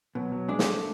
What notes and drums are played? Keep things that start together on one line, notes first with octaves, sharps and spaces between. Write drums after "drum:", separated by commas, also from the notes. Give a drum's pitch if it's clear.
B2 F#3
F#3
G#3 D4
G#3, drum: snare
A3